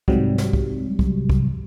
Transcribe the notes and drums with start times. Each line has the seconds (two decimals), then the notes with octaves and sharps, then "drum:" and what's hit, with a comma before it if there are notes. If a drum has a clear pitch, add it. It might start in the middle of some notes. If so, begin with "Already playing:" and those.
0.08 G#2 C3 F#3 G3, drum: kick
0.38 drum: snare
0.53 drum: kick
0.99 drum: kick
1.30 drum: kick